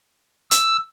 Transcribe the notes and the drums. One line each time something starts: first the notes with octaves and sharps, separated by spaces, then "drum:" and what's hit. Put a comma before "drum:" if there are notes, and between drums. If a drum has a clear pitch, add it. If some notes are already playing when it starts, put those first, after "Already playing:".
E6, drum: hi-hat